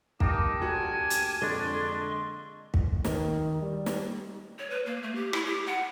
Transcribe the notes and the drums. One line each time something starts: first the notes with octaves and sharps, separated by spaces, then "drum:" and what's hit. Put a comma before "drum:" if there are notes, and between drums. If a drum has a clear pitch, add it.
A#3 D#4 G4 G5 A5, drum: kick
D2 F#4 G#5
drum: hi-hat
F2 D3 G#3 D4 D#5 C6 C#6
drum: kick
D#3, drum: snare
G3
drum: snare
C#5
B4
A#3
A3
G4
E4, drum: rim click
G4
F#5